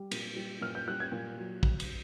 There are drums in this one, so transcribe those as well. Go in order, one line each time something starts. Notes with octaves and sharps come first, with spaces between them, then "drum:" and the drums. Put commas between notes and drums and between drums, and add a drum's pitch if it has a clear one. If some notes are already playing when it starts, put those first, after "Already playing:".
Already playing: G3
A#2, drum: cymbal
G3
A#2 F6
G6
G3 F#6
G#6
A#2
F#3
drum: kick
drum: cymbal